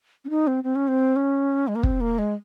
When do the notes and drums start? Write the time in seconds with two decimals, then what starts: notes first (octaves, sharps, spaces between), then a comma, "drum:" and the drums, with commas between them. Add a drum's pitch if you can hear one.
0.25 C#4
0.30 D#4
0.47 C4
0.64 C4
0.75 C#4
0.88 C4
1.16 C#4
1.68 G#3
1.75 A#3
1.83 C4, drum: kick
2.01 A#3
2.18 G#3